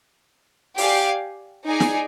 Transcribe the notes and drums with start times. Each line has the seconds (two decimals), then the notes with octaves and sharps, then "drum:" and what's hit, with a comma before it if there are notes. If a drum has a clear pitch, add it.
0.78 G4 D5 F5 G#5, drum: open hi-hat
1.66 D#4 G#4 D5 G#5
1.80 drum: snare